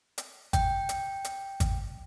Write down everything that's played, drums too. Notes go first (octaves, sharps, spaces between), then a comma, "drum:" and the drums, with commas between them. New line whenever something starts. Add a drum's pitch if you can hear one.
drum: hi-hat
G5, drum: kick G#1, hi-hat
drum: hi-hat
drum: hi-hat
drum: kick G#1, hi-hat